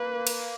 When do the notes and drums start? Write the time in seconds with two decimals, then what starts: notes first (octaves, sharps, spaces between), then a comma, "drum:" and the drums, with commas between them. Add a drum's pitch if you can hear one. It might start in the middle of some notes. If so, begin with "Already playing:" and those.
Already playing: A#3 B4
0.27 drum: cymbal